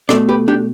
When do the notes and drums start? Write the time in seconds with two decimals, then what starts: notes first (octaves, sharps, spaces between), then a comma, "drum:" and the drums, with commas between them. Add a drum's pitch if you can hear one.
0.09 B2 A3 A4 D5, drum: rim click
0.29 G4 B4
0.48 D4 G4